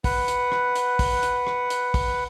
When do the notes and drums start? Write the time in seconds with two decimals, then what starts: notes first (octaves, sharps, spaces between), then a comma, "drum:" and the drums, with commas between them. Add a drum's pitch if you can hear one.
0.04 B4 F#5, drum: kick, open hi-hat
0.28 drum: hi-hat
0.52 drum: rim click
0.75 drum: hi-hat
0.99 drum: kick, open hi-hat
1.23 drum: hi-hat
1.47 drum: rim click
1.70 drum: hi-hat
1.94 drum: kick, open hi-hat